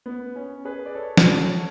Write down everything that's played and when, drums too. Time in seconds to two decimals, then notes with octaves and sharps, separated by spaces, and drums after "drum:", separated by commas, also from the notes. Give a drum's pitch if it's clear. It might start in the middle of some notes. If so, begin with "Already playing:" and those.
0.06 B3
0.36 C#4
0.65 G#4 B4
0.86 D5
0.95 A4 C#5
1.17 A4 C#5, drum: snare
1.40 A4 C#5